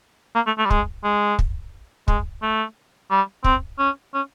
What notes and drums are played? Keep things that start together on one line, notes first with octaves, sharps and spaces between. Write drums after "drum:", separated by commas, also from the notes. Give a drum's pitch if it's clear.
A#3
A3
A3
G3
G#3, drum: kick
G#3
drum: kick
G#3, drum: kick
A3
G3
C4, drum: kick
C#4
C#4